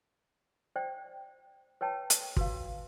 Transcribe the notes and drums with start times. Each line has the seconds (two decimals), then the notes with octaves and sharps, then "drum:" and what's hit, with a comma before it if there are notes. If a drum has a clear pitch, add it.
0.76 C5 D5 G5
1.81 B4 C#5 G5 A5
2.10 drum: hi-hat
2.37 F#4 B4 F5, drum: kick